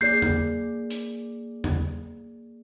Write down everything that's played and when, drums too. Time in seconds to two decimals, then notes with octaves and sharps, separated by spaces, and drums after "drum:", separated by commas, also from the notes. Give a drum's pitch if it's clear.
0.01 A#3 G#4 D5 G6 C7
0.22 drum: tom E2
0.90 drum: hi-hat
1.64 drum: tom E2